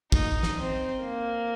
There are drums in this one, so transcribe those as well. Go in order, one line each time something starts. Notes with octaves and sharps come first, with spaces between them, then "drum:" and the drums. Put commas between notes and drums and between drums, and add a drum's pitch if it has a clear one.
D#4, drum: kick
drum: snare
C4
A#3